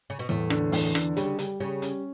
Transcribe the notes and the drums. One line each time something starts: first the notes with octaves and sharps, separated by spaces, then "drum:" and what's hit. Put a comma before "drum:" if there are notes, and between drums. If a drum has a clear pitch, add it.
C#3
B2
E2 A2
D3, drum: rim click
E2, drum: open hi-hat
D3, drum: rim click
C#3 G3, drum: hi-hat
G3, drum: hi-hat
C#3 G3
C#4, drum: hi-hat